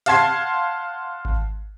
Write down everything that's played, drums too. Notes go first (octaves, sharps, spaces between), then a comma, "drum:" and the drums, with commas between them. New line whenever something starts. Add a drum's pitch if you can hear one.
F5 F#5 A5 C6 G#6 C7, drum: hi-hat
drum: kick G#1